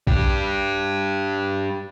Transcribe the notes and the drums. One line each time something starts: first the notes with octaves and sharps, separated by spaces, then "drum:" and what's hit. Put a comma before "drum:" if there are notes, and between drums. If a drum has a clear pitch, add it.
D4 G4, drum: kick A#1